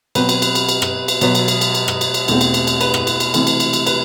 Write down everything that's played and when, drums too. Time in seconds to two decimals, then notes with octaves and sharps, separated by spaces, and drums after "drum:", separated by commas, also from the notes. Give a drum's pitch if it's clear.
0.15 B2 F#3 C4 B4, drum: cymbal
0.29 drum: cymbal
0.42 drum: cymbal
0.55 drum: cymbal
0.69 drum: cymbal
0.82 drum: rim click
1.08 drum: cymbal
1.21 B2 F#3 B3, drum: cymbal
1.35 drum: cymbal
1.48 drum: cymbal
1.61 drum: cymbal
1.75 drum: cymbal
1.88 drum: rim click
2.01 drum: cymbal
2.14 drum: cymbal
2.28 E2 B2 A3 C4, drum: cymbal
2.41 drum: cymbal
2.54 drum: cymbal
2.67 drum: cymbal
2.81 B4, drum: cymbal
2.94 drum: rim click
3.07 drum: cymbal
3.20 drum: cymbal
3.34 C3 E3 A3 C4, drum: cymbal
3.47 drum: cymbal
3.60 drum: cymbal
3.73 drum: cymbal
3.87 B4, drum: cymbal